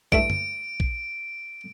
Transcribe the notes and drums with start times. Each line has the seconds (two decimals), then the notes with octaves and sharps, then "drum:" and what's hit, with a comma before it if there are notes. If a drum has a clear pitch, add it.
0.12 G2 A3 E4 D7, drum: kick A#1
0.30 drum: tom F#2
0.80 drum: kick A#1